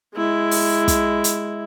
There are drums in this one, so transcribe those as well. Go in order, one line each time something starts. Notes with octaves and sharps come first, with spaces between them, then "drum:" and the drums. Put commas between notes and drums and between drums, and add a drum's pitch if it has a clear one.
G#3 E4
drum: open hi-hat
drum: kick, hi-hat
drum: hi-hat